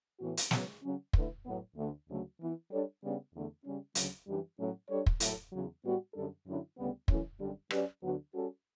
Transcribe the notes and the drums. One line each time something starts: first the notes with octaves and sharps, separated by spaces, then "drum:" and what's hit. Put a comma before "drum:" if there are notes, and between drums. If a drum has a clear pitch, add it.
A2 E3 B3 F#4
drum: hi-hat
C#3 F#3 B3, drum: snare
C#3 F#3 C#4
D3 A3 E4 B4, drum: kick
A2 F#3 B3
D2 D3 A3
D2 C#3 F#3 A3
E3 B3 E4
G3 D4 A4 C#5
C#3 G3 B3 D4
E2 D3 A3
C#3 G3 C#4
D2 C#3 F#3, drum: hi-hat
F#2 E3 G3 D4 G4
A2 F#3 A3 C#4
G3 D4 A4 C#5
drum: kick
A2 F#3 A3 E4 A4, drum: hi-hat
E2 C#3 F#3
A2 G3 B3 F#4
F#2 D3 G3 D4 A4
F#2 D3 F#3 C#4 E4
D2 C#3 G3 B3
F#2 E3 A3 C#4 E4, drum: kick
F#2 D3 G3
F#3 C#4 G4 B4 D5, drum: rim click
D2 D3 F#3 B3 F#4
G3 C#4 F#4 A4